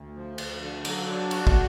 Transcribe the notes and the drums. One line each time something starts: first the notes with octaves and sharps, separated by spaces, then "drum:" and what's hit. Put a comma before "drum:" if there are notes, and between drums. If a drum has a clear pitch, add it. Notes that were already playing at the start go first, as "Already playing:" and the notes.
Already playing: D2
F3
D2, drum: cymbal
D3
F#3, drum: cymbal
D4
F#4, drum: cymbal
drum: kick